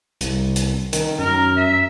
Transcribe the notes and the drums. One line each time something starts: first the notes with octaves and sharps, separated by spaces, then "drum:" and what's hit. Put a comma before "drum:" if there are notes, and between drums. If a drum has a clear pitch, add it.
C2, drum: hi-hat
drum: hi-hat
D#3, drum: hi-hat
F#2 A#4
E5